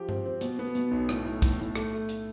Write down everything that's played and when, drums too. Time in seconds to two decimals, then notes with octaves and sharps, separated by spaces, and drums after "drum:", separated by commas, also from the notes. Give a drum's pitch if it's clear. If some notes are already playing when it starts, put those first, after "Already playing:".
Already playing: F3 G4
0.09 C4, drum: tom G2
0.26 C4
0.41 B2, drum: hi-hat
0.59 B3
0.75 B2, drum: hi-hat
0.91 B1
1.09 A2, drum: rim click
1.25 A2
1.42 A2, drum: kick, hi-hat
1.59 A2
1.75 A3, drum: rim click
1.93 A3
2.09 drum: hi-hat